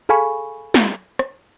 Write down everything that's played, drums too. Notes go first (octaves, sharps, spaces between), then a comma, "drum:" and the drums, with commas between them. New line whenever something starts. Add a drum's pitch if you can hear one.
G#4 A4 F5 G#5 B5 C#6
drum: snare
drum: rim click